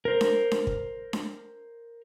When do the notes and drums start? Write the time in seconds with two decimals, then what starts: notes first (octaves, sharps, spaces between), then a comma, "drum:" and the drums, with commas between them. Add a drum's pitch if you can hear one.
0.05 A#4 C5
0.21 drum: snare D4
0.51 drum: snare D4
0.67 drum: kick
1.13 drum: snare D4